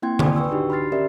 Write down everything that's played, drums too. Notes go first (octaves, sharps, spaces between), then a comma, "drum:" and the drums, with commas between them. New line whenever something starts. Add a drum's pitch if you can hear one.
A#3 C4 E4 G5 C6 G#6
D5 G5 G#5 B5 C6 D#6, drum: tom D3
B4 G5 C#6 E6
D4 D#4 F#4 G4
B5 C6 F6 A6 C7
C#4 G4 A#4 D5 E5